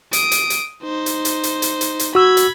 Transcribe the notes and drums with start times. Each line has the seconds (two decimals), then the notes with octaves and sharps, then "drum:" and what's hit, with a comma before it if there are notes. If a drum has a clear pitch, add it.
0.13 D#6 D7, drum: hi-hat
0.31 drum: hi-hat
0.50 drum: hi-hat
0.83 D#4 C5
1.06 drum: hi-hat
1.25 drum: hi-hat
1.43 drum: hi-hat
1.62 drum: hi-hat
1.81 drum: hi-hat
1.99 drum: hi-hat
2.15 F#4 B5 E6 G#6
2.37 drum: hi-hat